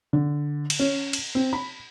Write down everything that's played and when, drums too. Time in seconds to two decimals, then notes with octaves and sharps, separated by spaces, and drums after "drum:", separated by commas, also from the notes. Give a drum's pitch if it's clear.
0.13 D3
0.70 drum: cymbal
0.79 C#4
1.13 drum: cymbal
1.35 C4
1.53 B5